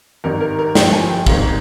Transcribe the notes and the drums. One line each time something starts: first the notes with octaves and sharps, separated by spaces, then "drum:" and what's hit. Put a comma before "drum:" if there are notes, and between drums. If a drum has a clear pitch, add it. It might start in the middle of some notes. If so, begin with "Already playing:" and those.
G#1 G2 D#3 A#4
A#4
A#4
G1 G2 F3 G5, drum: snare
G#5
G5
G#1 G#2 D#3 F5, drum: kick